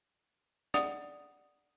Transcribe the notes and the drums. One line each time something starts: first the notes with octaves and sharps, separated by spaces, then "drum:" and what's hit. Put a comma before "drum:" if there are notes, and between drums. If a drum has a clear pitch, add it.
D5 F#5 D#6 F7, drum: hi-hat